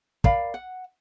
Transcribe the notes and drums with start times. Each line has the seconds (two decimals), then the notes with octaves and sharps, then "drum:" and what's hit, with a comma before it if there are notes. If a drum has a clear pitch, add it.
0.24 A#4 D5 F5 B5, drum: kick
0.54 F#5